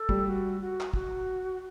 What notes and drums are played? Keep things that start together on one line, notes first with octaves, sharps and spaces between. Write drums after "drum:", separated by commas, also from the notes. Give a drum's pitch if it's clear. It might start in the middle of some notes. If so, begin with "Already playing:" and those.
Already playing: A4
G3, drum: kick
F#4
F#4
drum: clap
F#4, drum: kick